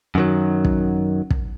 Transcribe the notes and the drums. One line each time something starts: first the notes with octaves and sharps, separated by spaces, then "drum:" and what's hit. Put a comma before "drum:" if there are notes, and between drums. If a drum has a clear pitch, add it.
F#2 D#3 F#3
drum: kick
drum: kick